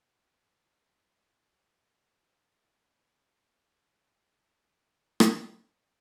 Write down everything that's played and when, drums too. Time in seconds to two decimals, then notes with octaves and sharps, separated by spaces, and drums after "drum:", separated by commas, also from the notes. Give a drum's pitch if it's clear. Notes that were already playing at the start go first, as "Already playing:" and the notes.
Already playing: A#1 A#2 F3 G#3 C#4
0.57 D#2 C#3 E3 G3
1.37 E2 B2 G3 C#4
2.17 A1 A2 E3 G#3 B3
2.97 G1 F2 D3 A#3
3.77 E2 B2 G#3 A3
4.57 G#1 F#2 D#3 A#3
5.20 drum: rim click
5.37 D#2 D3 G3